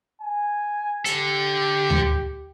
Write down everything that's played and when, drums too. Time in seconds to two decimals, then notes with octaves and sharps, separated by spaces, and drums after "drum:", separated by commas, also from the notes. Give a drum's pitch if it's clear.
0.22 G#5
1.05 D3 G4 A4, drum: hi-hat
1.90 drum: tom D2